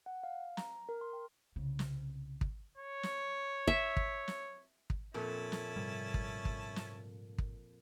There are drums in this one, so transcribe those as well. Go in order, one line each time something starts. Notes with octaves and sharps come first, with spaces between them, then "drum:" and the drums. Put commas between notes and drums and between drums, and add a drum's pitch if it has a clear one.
F#5
F5
A#5, drum: snare
A#4
C6
G5
C2 C#3
drum: snare
drum: kick
C#5
drum: snare
E5, drum: kick
drum: kick
drum: snare
drum: kick
F2 A#2 C#4 E4 E5 A5
drum: snare
G#2 C3 G3
drum: kick
drum: kick
drum: snare
drum: kick